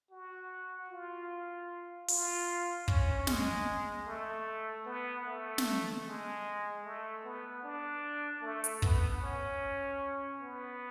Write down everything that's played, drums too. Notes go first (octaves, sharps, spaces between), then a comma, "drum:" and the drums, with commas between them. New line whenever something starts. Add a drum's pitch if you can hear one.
F#4
F4
F4, drum: open hi-hat
C#4, drum: kick
G#3, drum: snare
A3
B3
A3
drum: snare
G#3
A3
B3
D4
A3
drum: hi-hat
B3, drum: kick
C#4
B3